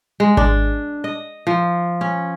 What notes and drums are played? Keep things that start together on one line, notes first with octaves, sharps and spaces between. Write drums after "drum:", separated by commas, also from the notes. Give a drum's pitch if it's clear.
G#3
D4, drum: kick G#1
D#5
F3
C#4